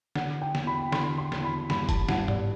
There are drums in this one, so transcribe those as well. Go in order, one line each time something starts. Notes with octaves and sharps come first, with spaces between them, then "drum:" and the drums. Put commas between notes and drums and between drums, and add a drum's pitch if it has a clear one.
D3 F#5, drum: snare
G5
E2, drum: snare
B5
D3 C6, drum: snare
C6
E2, drum: snare
B5
G2 B5, drum: snare
A5, drum: kick, hi-hat
G2 F#5, drum: snare
D5, drum: tom G#2